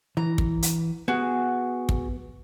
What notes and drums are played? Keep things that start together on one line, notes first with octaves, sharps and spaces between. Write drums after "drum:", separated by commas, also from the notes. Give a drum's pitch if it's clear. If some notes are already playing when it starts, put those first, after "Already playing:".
E3 A#5
drum: kick
drum: hi-hat
B3 F#4 G#4
drum: kick